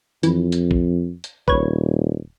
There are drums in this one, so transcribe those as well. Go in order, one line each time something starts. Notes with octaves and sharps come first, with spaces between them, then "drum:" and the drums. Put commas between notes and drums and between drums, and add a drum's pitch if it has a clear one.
F2 E3, drum: hi-hat
drum: hi-hat
drum: kick
drum: hi-hat
D#1 B4 C#5 G#6, drum: kick